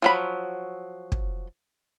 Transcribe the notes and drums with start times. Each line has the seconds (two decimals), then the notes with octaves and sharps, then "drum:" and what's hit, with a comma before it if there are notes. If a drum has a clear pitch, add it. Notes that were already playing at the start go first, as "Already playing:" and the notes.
0.02 F3 F#3 B5
1.12 drum: kick